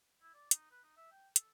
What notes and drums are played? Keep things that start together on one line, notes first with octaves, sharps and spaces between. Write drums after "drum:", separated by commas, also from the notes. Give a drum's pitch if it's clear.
E4
D5
D#4, drum: hi-hat
B4
D#4
E5
G5
A4, drum: hi-hat